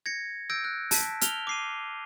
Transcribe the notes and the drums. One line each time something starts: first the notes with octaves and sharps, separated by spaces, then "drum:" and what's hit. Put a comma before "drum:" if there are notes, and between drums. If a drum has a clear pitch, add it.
G#6 A#6 C#7
E6 G6 G#6 A#6 D7
F#6
A5 B6, drum: open hi-hat
F6 F7 G7, drum: hi-hat
D6 C7 D#7